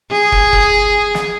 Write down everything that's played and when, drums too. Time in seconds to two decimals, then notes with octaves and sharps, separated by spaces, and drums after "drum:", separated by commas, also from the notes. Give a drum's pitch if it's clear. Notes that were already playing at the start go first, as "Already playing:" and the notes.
0.12 G#4
0.32 drum: kick
0.53 drum: kick
1.15 drum: snare